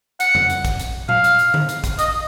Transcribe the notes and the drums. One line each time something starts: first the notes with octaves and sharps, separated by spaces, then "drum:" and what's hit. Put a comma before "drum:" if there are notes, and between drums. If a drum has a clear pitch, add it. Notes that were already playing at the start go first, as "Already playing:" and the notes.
F#5, drum: hi-hat
drum: tom F2
drum: hi-hat
drum: kick, hi-hat
drum: hi-hat
F5, drum: tom A#2
drum: hi-hat
drum: hi-hat
drum: tom D3
drum: hi-hat
drum: kick, hi-hat
D#5, drum: hi-hat